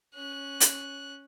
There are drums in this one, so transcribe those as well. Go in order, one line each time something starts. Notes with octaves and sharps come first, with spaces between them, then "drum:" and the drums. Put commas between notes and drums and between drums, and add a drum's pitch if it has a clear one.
C#4 F#6
drum: hi-hat